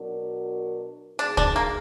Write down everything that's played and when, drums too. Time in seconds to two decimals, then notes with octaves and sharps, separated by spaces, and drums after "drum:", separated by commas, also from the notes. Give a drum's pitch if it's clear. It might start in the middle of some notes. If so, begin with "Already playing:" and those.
Already playing: B2 F#3 D4 F#4 A#4
1.19 B2 G#3 D4 D#4 G#4
1.37 D4, drum: kick
1.56 A#3